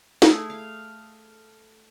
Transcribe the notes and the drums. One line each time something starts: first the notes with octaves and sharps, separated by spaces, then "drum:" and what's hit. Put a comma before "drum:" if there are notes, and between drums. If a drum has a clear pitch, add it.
A3 E4 G#4, drum: snare
F5